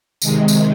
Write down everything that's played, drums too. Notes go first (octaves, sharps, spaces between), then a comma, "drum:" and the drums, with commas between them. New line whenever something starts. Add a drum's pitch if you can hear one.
C3 D#3 G#3, drum: tambourine
drum: tambourine